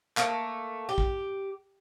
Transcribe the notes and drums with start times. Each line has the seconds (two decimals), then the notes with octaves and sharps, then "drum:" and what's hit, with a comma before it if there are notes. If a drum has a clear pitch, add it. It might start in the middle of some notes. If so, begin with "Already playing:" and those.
0.17 A3 A#3, drum: clap
0.89 G4
0.98 drum: kick